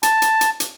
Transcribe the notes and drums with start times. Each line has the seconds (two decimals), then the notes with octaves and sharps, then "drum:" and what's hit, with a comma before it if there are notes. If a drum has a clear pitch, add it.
0.03 A5, drum: hi-hat
0.22 drum: hi-hat
0.41 drum: hi-hat
0.60 drum: hi-hat